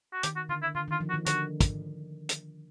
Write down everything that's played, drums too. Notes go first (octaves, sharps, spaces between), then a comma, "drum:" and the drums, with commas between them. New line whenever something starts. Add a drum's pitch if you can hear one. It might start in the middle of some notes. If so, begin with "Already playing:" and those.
F#4
D#3 G4, drum: hi-hat
F#4
D3 F4
E4
D3 F4
D#3 F4
F3
F#4
D#3
D3 F#4, drum: hi-hat
drum: kick, hi-hat
drum: hi-hat